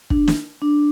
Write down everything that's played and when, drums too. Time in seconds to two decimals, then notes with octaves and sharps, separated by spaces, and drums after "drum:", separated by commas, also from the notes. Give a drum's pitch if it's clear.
0.10 D4, drum: kick
0.28 drum: snare
0.62 D4